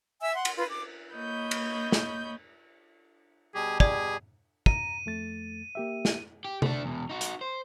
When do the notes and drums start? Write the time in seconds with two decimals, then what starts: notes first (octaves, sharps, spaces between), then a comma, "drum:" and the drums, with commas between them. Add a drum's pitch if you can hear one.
0.20 E5 G#5 E6
0.34 F#5 C6
0.45 drum: cymbal
0.56 F4 B4
0.67 D6
1.15 A#3 C#5 D#5 B5 G6
1.51 drum: cymbal
1.92 drum: snare
3.55 B2 G3 G4 G#4
3.80 G#4 D5, drum: kick
4.66 A#5 D#7, drum: kick
5.06 F2 A3 A6
5.75 A#3 G4 E5
6.05 drum: snare
6.45 G4
6.62 A3 D4, drum: tom C3
6.85 E2 B2
7.09 D#4 F#4
7.21 drum: hi-hat
7.41 C5